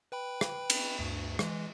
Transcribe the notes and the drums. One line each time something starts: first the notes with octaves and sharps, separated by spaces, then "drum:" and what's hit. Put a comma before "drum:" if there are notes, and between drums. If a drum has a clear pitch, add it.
B4 G5 B5
drum: rim click
drum: cymbal
D2 G2
E3 G#3, drum: rim click